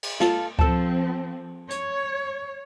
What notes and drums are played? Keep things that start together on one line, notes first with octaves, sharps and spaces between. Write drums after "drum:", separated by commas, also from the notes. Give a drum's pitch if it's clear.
drum: cymbal
F4 A4, drum: snare
F3 C4 A4 A5, drum: kick C#2
C#5, drum: hi-hat